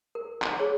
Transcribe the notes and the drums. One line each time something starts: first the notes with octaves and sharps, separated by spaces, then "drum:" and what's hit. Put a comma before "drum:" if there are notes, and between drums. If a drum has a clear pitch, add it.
A#4
drum: clap
G#4 C#5